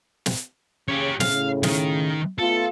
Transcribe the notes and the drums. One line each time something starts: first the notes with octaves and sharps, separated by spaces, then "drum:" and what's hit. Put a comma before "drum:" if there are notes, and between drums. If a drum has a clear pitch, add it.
drum: snare
C#3 G4 C#5
A2 C#3 F5, drum: snare
D#3, drum: snare
A3 B3 F4 A4